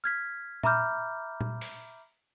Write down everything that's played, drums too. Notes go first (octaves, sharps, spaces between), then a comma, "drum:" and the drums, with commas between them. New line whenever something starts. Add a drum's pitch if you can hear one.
F6 G#6 B6
E5 A#5 B5 D6 F6 G6, drum: tom A#2
drum: tom A#2
drum: open hi-hat